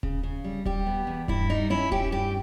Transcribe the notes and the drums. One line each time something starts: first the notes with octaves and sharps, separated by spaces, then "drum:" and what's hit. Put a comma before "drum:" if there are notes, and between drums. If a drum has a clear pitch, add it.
C#3, drum: kick D#1
C#3
G3
G3 G4, drum: kick D#1
B3
E2
G2 E4, drum: kick D#1
G3 D#4
C#4 E4
C#4 G4, drum: kick D#1
G2 G4